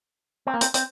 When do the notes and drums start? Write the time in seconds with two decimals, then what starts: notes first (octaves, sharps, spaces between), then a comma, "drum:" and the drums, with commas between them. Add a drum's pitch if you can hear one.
0.47 C4
0.54 A#3
0.61 C4, drum: hi-hat
0.74 C4, drum: hi-hat